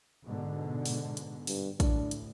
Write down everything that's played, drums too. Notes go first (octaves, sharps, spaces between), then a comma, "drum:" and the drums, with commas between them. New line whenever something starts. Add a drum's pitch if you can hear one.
G#2 B2 D3
drum: open hi-hat
drum: hi-hat
G2, drum: open hi-hat
D2 A2 D4, drum: kick, hi-hat
drum: hi-hat